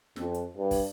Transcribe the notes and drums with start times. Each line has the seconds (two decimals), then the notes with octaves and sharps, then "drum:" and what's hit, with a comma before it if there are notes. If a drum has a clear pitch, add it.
0.16 F2, drum: snare
0.34 drum: hi-hat
0.57 G2
0.71 drum: kick, open hi-hat